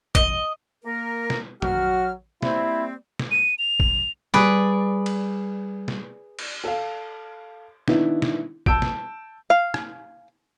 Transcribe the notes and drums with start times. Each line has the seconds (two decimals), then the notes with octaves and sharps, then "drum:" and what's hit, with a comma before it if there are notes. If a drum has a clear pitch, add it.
0.15 D#5, drum: kick
0.84 A#3 A#4
1.30 drum: snare
1.62 F#3 F#4 F6, drum: tom
2.42 G3 A#3 C4 E4, drum: snare
3.19 drum: snare
3.31 D#7
3.59 F7
3.80 drum: kick
4.34 G3 G#4 B4 D5, drum: snare
5.06 drum: cymbal
5.88 drum: snare
6.39 drum: cymbal
6.64 A4 F5
7.88 D#3 B3 D4 E4, drum: snare
8.22 drum: snare
8.66 A5 E6 G6 D7, drum: kick
8.82 drum: snare
9.50 F5
9.74 drum: rim click